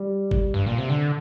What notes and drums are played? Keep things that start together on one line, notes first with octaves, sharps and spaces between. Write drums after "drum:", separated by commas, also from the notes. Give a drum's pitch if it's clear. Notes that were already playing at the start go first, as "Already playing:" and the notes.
Already playing: G3
drum: kick G1
G2
A#2
C3
D3